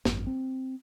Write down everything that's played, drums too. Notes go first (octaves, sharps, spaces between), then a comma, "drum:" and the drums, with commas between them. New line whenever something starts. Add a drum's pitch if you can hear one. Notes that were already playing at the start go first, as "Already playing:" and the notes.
G#1 F#2, drum: snare
C4